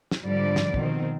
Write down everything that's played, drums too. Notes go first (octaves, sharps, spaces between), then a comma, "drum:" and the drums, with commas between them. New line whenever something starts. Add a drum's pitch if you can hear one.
drum: snare
G#2 D3 F3 G3 D4 D5
drum: snare
B2 D#3 C4, drum: kick